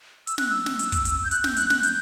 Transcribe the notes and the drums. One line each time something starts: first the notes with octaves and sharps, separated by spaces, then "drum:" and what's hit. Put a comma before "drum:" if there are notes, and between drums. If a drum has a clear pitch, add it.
E6, drum: hi-hat
F#6, drum: snare
E6
drum: snare
drum: hi-hat
drum: kick, hi-hat
drum: hi-hat
G6
F#6, drum: hi-hat
G6, drum: snare
F#6, drum: hi-hat
F#6, drum: snare
G6, drum: hi-hat